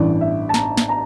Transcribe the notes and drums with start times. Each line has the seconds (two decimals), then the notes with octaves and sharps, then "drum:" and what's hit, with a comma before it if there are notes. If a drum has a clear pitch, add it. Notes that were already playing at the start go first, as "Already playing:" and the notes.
Already playing: A1 G2 E3 D5
0.21 E5
0.49 A5
0.54 A#5, drum: snare
0.77 drum: snare
0.89 A#5